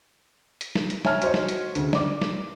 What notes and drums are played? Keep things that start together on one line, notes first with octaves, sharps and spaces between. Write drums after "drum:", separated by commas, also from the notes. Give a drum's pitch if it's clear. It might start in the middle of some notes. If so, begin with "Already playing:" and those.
drum: hi-hat
drum: snare
drum: hi-hat
C#5 E5 G#5 A5 F6, drum: snare
F#4 C5 C#5 D#5, drum: hi-hat
drum: snare
drum: hi-hat
D2 C#3, drum: hi-hat
D5 D6, drum: snare
drum: snare